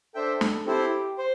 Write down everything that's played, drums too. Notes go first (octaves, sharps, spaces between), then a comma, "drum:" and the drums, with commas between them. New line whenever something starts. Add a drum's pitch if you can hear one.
D4 A4 C5 E5 G5
drum: snare
C4 E4 G4 A4 C5
C5